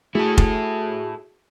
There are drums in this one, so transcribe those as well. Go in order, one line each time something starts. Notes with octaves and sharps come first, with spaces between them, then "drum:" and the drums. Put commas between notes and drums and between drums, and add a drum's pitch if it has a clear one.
A3 E4 F#4 G#4 A4
drum: kick F1